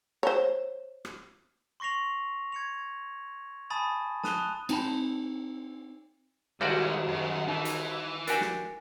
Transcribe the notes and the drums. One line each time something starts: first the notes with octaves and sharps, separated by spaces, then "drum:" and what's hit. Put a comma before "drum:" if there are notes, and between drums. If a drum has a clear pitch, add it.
C5 C#5
drum: rim click
C6 C#6 A#6 C7 F7
G#6 C#7 F7
G#5 A5 B5 D#6 A6
A5 D#6 F#6 D#7 F7 G7, drum: snare
C4 D#4 G5 A5 B5, drum: cymbal
D#3 G3 G#3 D#4 E4 F#4 C#5 D5, drum: cymbal
F#2
E3 D#4 E5
drum: hi-hat
D4 F#4 G4 A#4 G#5, drum: hi-hat
drum: snare